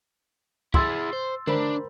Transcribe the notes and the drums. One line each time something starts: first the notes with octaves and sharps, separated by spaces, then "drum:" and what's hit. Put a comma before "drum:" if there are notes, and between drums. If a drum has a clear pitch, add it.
E4 G#4 C6 E6 A6, drum: kick
C5
D4 A#4 C5 D5 B5, drum: tom D3